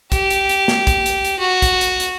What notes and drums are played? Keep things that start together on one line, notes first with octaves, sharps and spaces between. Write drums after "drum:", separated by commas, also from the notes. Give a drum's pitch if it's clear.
G4, drum: kick, hi-hat
drum: hi-hat
drum: hi-hat
drum: snare
drum: kick, hi-hat
drum: hi-hat
drum: hi-hat
F#4
drum: kick, hi-hat
drum: hi-hat
drum: hi-hat